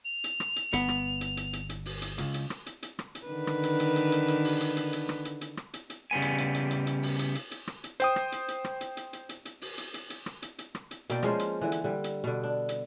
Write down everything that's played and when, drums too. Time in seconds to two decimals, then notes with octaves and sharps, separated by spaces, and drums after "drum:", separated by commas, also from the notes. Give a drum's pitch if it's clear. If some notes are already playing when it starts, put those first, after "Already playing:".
0.05 F7
0.24 drum: hi-hat
0.40 drum: rim click
0.56 drum: hi-hat
0.73 G1 B3, drum: hi-hat
0.88 drum: rim click
1.21 drum: hi-hat
1.37 drum: hi-hat
1.53 drum: hi-hat
1.69 drum: hi-hat
1.85 drum: open hi-hat
2.02 drum: hi-hat
2.18 C#2, drum: hi-hat
2.34 drum: hi-hat
2.50 drum: rim click
2.66 drum: hi-hat
2.82 drum: hi-hat
2.99 drum: rim click
3.15 drum: hi-hat
3.27 D3 D#3 B4
3.47 drum: rim click
3.63 drum: hi-hat
3.79 drum: hi-hat
3.96 drum: hi-hat
4.12 drum: hi-hat
4.28 drum: hi-hat
4.44 drum: open hi-hat
4.60 drum: hi-hat
4.76 drum: hi-hat
4.93 drum: hi-hat
5.09 drum: rim click
5.25 drum: hi-hat
5.41 drum: hi-hat
5.57 drum: rim click
5.73 drum: hi-hat
5.90 drum: hi-hat
6.11 C#3 G3 B3 G#5
6.22 drum: hi-hat
6.38 drum: hi-hat
6.54 drum: hi-hat
6.70 drum: hi-hat
6.87 drum: hi-hat
7.03 drum: open hi-hat
7.19 drum: hi-hat
7.35 drum: hi-hat
7.51 drum: hi-hat
7.67 drum: rim click
7.84 drum: hi-hat
8.00 C5 G5 D#6, drum: hi-hat
8.16 drum: rim click
8.32 drum: hi-hat
8.48 drum: hi-hat
8.64 drum: rim click
8.81 drum: hi-hat
8.97 drum: hi-hat
9.13 drum: hi-hat
9.29 drum: hi-hat
9.45 drum: hi-hat
9.61 drum: open hi-hat
9.78 drum: hi-hat
9.94 drum: hi-hat
10.10 drum: hi-hat
10.26 drum: rim click
10.42 drum: hi-hat
10.58 drum: hi-hat
10.75 drum: rim click
10.91 drum: hi-hat
11.10 B2 A#3 D5 G5, drum: hi-hat
11.23 F3 G#3 C#4 C5, drum: rim click
11.39 drum: hi-hat
11.61 D3 E3
11.72 drum: hi-hat
11.84 D3 G3
12.04 drum: hi-hat
12.24 B2 D3
12.43 D4
12.69 drum: hi-hat